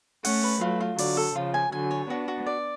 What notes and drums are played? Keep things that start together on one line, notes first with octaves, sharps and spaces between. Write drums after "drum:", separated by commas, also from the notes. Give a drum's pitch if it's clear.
A3 C#4 F#5, drum: open hi-hat
B4
F#3 A3 F4
F4
D3 F#3 D5, drum: open hi-hat
A4
C#3 F3 F4
G#5
D3 F#3 G#5
C#5
B3 D4 F#4
F#4
D5